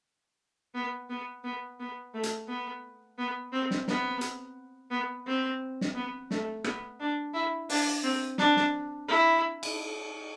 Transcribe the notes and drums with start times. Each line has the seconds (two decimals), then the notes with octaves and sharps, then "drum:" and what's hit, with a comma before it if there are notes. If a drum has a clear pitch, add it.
0.74 B3
1.09 B3
1.44 B3
1.79 B3
2.14 A3
2.23 drum: hi-hat
2.48 B3
3.18 B3
3.53 C4
3.71 drum: snare
3.88 B3, drum: snare
4.21 drum: hi-hat
4.91 B3
5.26 C4
5.81 drum: snare
5.95 B3
6.31 A3, drum: snare
6.64 B3, drum: rim click
7.00 D4
7.34 E4
7.69 D4, drum: open hi-hat
8.03 C4
8.38 D4, drum: snare
8.57 drum: snare
9.08 E4
9.63 drum: cymbal